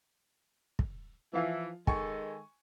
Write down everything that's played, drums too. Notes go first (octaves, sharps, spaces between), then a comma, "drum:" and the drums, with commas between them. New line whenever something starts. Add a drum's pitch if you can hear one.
drum: kick
E3 F3 F5
D#3 G#3 A4 G#5 C#6, drum: kick